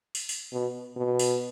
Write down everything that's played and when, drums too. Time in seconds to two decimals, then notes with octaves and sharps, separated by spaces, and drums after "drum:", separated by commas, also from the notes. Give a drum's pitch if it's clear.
0.15 drum: open hi-hat
0.29 drum: open hi-hat
0.53 B2
0.96 B2
1.19 drum: open hi-hat